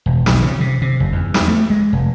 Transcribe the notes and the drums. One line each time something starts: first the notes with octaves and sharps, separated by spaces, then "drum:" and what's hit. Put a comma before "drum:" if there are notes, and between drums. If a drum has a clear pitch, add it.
E1
B1, drum: snare
C#3
C3
C3
F#1
E2
drum: snare
A3
G#3
F1